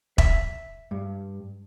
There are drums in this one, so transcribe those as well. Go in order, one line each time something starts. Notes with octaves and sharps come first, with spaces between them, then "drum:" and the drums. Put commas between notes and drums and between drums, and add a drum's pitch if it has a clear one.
E5, drum: kick E1
G2